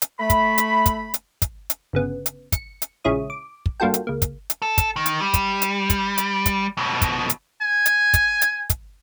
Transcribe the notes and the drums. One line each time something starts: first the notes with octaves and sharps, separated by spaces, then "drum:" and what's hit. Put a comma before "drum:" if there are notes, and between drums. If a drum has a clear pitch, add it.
drum: hi-hat
A3 B5
drum: kick, hi-hat
drum: hi-hat
drum: kick, hi-hat
drum: hi-hat
drum: kick, hi-hat
drum: hi-hat
G1 C#3 B3
drum: hi-hat
C#7, drum: kick, hi-hat
drum: hi-hat
A#1 C#3 G#3 E4 C#5 D#6
D6
drum: kick
G2 A#3 F4 F#4 A4 G5
drum: hi-hat
C#2 A#3
drum: kick, hi-hat
drum: hi-hat
A4
drum: kick, hi-hat
D#3
drum: hi-hat
G3
drum: kick, hi-hat
drum: hi-hat
drum: kick, hi-hat
drum: hi-hat
drum: kick, hi-hat
F2 B2
drum: kick, hi-hat
drum: hi-hat
G#5
drum: hi-hat
drum: kick, hi-hat
drum: hi-hat
drum: kick, hi-hat